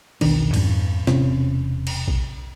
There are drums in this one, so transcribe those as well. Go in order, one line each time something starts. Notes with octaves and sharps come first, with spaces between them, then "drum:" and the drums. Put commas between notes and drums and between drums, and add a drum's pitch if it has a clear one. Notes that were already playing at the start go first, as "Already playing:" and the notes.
E1 B1 D#3 D4, drum: cymbal
F2 G#2, drum: cymbal
E1 C3 C4 C#4, drum: snare
drum: cymbal
drum: kick A#1